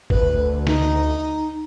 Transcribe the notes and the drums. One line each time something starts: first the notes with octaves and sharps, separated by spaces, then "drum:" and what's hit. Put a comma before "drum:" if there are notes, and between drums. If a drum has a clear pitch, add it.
D2 B4, drum: kick
D#4, drum: snare